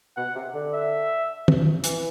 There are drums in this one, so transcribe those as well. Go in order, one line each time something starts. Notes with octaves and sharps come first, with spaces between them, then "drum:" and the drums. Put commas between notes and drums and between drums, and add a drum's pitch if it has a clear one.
B2 F#5
C3
D3
E5
drum: tom
E3, drum: hi-hat